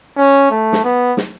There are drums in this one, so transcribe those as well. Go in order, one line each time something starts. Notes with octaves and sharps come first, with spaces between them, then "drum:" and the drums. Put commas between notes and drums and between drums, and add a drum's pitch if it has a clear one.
C#4
A3
drum: snare
B3
drum: snare